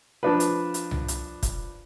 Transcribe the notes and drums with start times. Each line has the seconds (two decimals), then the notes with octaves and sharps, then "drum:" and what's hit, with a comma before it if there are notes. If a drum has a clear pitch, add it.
0.23 F3 D4 B4
0.40 drum: hi-hat
0.74 drum: hi-hat
0.91 drum: tom C2
1.08 drum: hi-hat
1.43 drum: kick, hi-hat